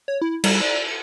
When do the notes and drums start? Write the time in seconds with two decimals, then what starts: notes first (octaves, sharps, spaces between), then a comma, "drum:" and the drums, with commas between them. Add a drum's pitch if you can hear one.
0.08 C#5
0.22 E4
0.44 G3, drum: cymbal
0.61 D5
0.88 C#7